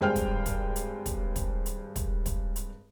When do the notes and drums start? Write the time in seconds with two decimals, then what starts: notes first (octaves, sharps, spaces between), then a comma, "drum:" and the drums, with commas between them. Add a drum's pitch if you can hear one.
0.01 G#1 G2 G#4 C5 G5 F6
0.16 drum: kick, hi-hat
0.46 drum: kick, hi-hat
0.76 drum: hi-hat
1.06 drum: kick, hi-hat
1.36 drum: kick, hi-hat
1.66 drum: hi-hat
1.96 drum: kick, hi-hat
2.26 drum: kick, hi-hat
2.56 drum: hi-hat